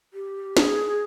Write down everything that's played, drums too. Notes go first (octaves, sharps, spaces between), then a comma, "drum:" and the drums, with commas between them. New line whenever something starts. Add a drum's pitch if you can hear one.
G4
G#4, drum: snare